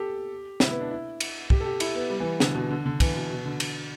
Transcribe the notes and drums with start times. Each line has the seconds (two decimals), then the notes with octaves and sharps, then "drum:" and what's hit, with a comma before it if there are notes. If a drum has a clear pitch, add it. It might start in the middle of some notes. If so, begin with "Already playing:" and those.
Already playing: G4 A4
0.60 E4, drum: snare
0.71 B3
0.81 D4
0.91 E4
1.20 drum: cymbal
1.50 G4, drum: kick
1.60 A4
1.66 G4
1.80 E4, drum: cymbal
1.95 B3
2.10 G3
2.20 E3
2.40 D3, drum: snare
2.55 B2
2.70 D3
2.86 D3
3.00 E3, drum: kick, cymbal
3.15 B2
3.30 B2
3.45 D3
3.60 drum: cymbal